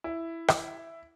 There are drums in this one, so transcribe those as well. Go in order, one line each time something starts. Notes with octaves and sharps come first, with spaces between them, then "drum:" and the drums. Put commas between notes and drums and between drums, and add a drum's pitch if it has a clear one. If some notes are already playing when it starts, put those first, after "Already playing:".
E4
drum: rim click